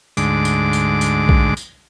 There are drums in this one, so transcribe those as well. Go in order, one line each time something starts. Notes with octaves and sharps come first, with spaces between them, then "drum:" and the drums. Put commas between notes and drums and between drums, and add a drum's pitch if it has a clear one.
D2 G#2 D6, drum: tambourine
drum: tambourine
drum: tambourine
drum: tambourine
drum: kick A#1
drum: tambourine